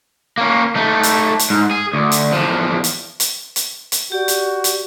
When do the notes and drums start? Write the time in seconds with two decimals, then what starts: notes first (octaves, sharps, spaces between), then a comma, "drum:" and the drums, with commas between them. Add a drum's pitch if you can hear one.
0.38 A#3 C#4
0.76 A3 D#4
1.03 drum: hi-hat
1.39 drum: hi-hat
1.50 G#2
1.71 G#4
1.94 D2
2.12 drum: hi-hat
2.33 E2 F3
2.84 drum: hi-hat
3.20 drum: hi-hat
3.56 drum: hi-hat
3.92 drum: hi-hat
4.12 F#4 G4 D5
4.28 drum: hi-hat
4.64 drum: hi-hat